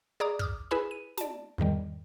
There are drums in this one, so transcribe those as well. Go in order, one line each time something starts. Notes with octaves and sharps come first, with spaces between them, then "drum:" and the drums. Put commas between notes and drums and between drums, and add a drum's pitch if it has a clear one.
G#4 D5 A#5 D6 D#6
D6 D#6 F6, drum: kick
E4 G#4 B4 G#5 B5 E7
D#7
D5 A5, drum: snare
E2 G#2 D#3 G3